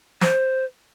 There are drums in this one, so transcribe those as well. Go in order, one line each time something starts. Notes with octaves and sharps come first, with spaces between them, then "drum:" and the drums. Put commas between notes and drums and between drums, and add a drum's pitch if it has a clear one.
C5, drum: snare